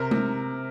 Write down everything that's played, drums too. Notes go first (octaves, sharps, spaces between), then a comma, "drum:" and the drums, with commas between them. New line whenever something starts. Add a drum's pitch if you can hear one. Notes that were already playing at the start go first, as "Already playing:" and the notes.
Already playing: C3 A#4
C3, drum: tom G#3